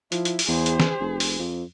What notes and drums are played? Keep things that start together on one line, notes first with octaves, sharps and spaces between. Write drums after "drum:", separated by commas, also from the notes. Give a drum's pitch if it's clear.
F3 E4, drum: hi-hat
drum: hi-hat
drum: open hi-hat
E2 G#4 C5
drum: hi-hat
drum: snare
F1
drum: open hi-hat
F2